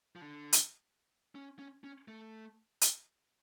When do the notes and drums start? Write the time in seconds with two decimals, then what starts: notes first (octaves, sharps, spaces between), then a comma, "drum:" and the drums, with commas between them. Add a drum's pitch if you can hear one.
0.16 F3
0.22 D3
0.53 drum: hi-hat
1.35 C#4
1.59 C#4
1.84 C#4
2.08 A3
2.81 drum: hi-hat